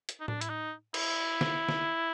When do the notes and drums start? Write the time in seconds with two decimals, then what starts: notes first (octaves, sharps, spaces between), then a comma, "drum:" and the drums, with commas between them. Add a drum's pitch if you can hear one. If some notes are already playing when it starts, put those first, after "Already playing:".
0.09 drum: hi-hat
0.21 D#4
0.28 D4, drum: tom A2
0.41 E4, drum: hi-hat
0.50 D#4
0.94 E4, drum: cymbal
1.41 drum: snare
1.69 drum: snare